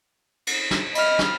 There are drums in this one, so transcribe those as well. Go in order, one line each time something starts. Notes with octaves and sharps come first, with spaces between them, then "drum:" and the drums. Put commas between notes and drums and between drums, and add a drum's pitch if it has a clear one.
drum: cymbal
drum: snare
D#5 B5 F6, drum: cymbal
drum: snare